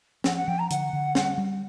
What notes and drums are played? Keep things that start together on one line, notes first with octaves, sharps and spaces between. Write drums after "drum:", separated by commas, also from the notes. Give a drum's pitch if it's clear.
F3 F#5, drum: snare
F#5
F3 G5
A#5
D3 F#5, drum: hi-hat
D3
G3, drum: snare
G3